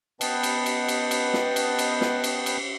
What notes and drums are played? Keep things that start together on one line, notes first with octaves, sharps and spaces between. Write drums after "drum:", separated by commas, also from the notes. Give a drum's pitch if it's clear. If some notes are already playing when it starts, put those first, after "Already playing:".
B3 B4 D#5 G5 A5, drum: cymbal
drum: cymbal
drum: cymbal
drum: cymbal
drum: cymbal
drum: snare
drum: cymbal
drum: cymbal
drum: snare
drum: cymbal
drum: cymbal